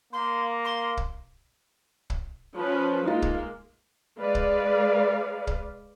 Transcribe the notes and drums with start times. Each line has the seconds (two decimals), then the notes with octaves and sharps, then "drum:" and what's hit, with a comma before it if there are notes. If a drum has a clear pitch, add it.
0.13 A#3 C6
0.65 C6
0.97 drum: kick
2.10 drum: kick
2.55 F3 C#4 B4
3.05 G#3 A#3 D#4 F4
3.22 drum: kick
4.19 G#3 B4 D5 F5
4.35 drum: kick
5.47 drum: kick